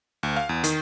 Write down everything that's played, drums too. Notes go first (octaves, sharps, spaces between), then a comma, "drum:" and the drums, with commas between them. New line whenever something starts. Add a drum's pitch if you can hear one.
D2
F5
E2
D#3, drum: hi-hat